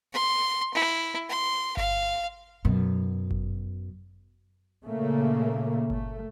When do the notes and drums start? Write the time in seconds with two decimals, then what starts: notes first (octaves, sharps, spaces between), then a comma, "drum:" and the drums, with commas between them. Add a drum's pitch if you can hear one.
0.13 C6
0.74 E4
1.29 C6
1.77 F5, drum: kick G1
2.65 F#2 B2
3.31 drum: kick G1
4.84 A#2 C#3 A3 A#3
5.90 A3, drum: kick G1